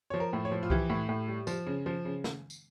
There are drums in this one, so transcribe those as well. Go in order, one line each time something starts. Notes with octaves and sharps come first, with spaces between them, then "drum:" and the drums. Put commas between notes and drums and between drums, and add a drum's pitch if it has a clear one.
F3 C#5
A#4
A2
C#5
F3
F4
E3 G4, drum: kick C2
A2
A2
G3
F3, drum: tambourine
C#3
F3
C#3
drum: snare
drum: tambourine